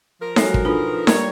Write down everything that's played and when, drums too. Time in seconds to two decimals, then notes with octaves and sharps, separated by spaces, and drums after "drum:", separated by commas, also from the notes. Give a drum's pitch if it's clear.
0.20 F3 A#4
0.36 F#3 G#3 F#4 A4 C#5 F5, drum: snare D#4
0.54 drum: kick
0.65 B2 D4 D#4 F4 A4
1.07 G3 A#3 A#4 C#5, drum: snare D#4